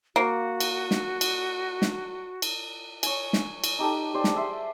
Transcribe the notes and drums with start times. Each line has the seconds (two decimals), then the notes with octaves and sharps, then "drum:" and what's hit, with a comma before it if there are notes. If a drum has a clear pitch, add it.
0.16 A#3 F#4
0.60 drum: cymbal
0.91 drum: snare
1.21 drum: cymbal
1.82 drum: snare
2.42 drum: cymbal
3.03 C#5 G#5, drum: cymbal
3.33 drum: snare
3.64 drum: cymbal
3.79 D#4 G4 A4
4.14 G4 C5 D5
4.24 drum: snare
4.35 G#4 E5 C6